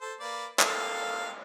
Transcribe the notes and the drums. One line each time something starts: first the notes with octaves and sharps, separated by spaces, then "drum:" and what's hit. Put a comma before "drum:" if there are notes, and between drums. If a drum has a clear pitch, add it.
A4 C5
A#3 B4 D5
A#3 A4 F5, drum: clap